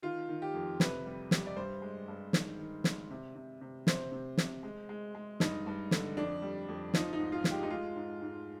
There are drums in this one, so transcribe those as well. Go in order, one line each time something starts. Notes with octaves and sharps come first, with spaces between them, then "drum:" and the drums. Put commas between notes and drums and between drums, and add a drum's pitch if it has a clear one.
D#3 F4
D#3
G4
F2
C3 B4, drum: snare
G3
G3, drum: snare
D5
G2 C5
G#3
G2
D#3, drum: snare
D#3
G#3, drum: snare
C3
C3
C3
C3 C5, drum: snare
C3
C3, drum: snare
G#3
G#3
G#3
G2 D#4, drum: snare
G2
D3, drum: snare
F2 D4
G3
F2
F3 D#4, drum: snare
D#4
G#2
F4
G#3, drum: snare
G4
D#4
G#3 F4
G#2
G#2